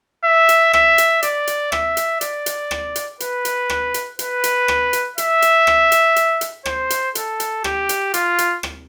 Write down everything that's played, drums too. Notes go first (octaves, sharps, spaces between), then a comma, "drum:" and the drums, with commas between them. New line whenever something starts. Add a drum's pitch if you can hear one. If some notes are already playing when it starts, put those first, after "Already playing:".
E5
drum: hi-hat
E5, drum: rim click
drum: hi-hat
D5, drum: hi-hat
drum: hi-hat
E5, drum: rim click
drum: hi-hat
D5, drum: hi-hat
drum: hi-hat
drum: rim click
drum: hi-hat
B4, drum: hi-hat
drum: hi-hat
drum: rim click
drum: hi-hat
B4, drum: hi-hat
drum: hi-hat
drum: rim click
drum: hi-hat
E5, drum: hi-hat
drum: hi-hat
drum: rim click
drum: hi-hat
drum: hi-hat
drum: hi-hat
C5, drum: rim click
drum: hi-hat
A4, drum: hi-hat
drum: hi-hat
G4, drum: rim click
drum: hi-hat
F4, drum: hi-hat
drum: hi-hat
drum: rim click